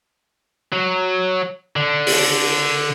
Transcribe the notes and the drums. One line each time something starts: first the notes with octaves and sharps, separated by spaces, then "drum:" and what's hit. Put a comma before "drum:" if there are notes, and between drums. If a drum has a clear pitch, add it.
F#3
D3
drum: open hi-hat